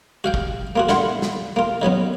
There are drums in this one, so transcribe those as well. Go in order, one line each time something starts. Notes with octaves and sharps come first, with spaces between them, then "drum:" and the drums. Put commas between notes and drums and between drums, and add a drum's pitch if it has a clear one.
F#4 F5 G5
drum: kick
A#3 F4 F#4
D3 E4 F5 F#5 C6, drum: snare
drum: snare
A#3 F4
D#3 F#3 B3 C#4